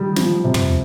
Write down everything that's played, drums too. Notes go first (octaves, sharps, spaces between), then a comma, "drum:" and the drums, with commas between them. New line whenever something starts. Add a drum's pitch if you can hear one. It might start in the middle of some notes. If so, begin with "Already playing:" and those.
Already playing: D#3 G3
F3, drum: snare
C3
drum: tom